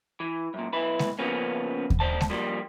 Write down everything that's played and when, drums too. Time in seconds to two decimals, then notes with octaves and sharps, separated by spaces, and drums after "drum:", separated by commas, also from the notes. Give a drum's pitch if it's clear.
0.20 E3
0.54 F#2 A#2
0.73 B1 E4 B4
0.99 drum: snare G#3
1.19 C#3 F3 A#3 B3 C#4
1.90 drum: kick D#2
2.00 D#2 C5 D5 A5
2.21 drum: snare G#3
2.30 F3 G3 A#3